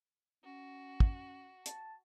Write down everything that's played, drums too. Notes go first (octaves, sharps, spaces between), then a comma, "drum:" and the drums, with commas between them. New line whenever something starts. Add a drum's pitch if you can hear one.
C#4 F#4
drum: kick
A5, drum: hi-hat